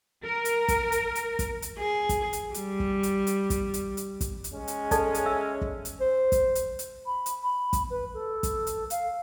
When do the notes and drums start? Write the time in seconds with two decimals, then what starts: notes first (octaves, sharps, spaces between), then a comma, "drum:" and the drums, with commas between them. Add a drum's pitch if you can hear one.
0.24 A#4
0.45 drum: hi-hat
0.68 drum: kick, hi-hat
0.92 drum: hi-hat
1.15 drum: hi-hat
1.39 drum: kick, hi-hat
1.62 drum: hi-hat
1.79 G#4
2.09 drum: kick, hi-hat
2.33 drum: hi-hat
2.54 G3, drum: hi-hat
2.80 drum: kick
3.03 drum: hi-hat
3.27 drum: hi-hat
3.50 drum: kick, hi-hat
3.74 drum: hi-hat
3.97 drum: hi-hat
4.21 drum: kick, hi-hat
4.44 drum: hi-hat
4.54 G#3 C#4
4.68 drum: hi-hat
4.91 A4 D5 A5, drum: kick, hi-hat
5.14 drum: hi-hat
5.26 E5 E6
5.61 drum: kick
5.85 drum: hi-hat
6.01 C5
6.32 drum: kick, hi-hat
6.55 drum: hi-hat
6.79 drum: hi-hat
7.05 B5
7.26 drum: hi-hat
7.42 B5
7.73 drum: kick, hi-hat
7.89 B4
8.13 A4
8.43 drum: kick, hi-hat
8.67 drum: hi-hat
8.90 F5, drum: hi-hat